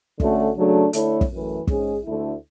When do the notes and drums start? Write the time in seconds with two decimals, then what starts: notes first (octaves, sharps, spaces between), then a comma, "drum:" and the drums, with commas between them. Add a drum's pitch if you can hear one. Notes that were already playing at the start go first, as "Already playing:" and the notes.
0.20 D3 A3 C#4 F#4 A4, drum: kick
0.57 C#3 F#3 A3 D4
0.93 D3 A3 E4 A4 C#5, drum: hi-hat
1.21 drum: kick
1.31 F#2 E3 A3
1.67 G#2 G#3 C#4 G#4, drum: kick
2.04 D2 D3 A3 E4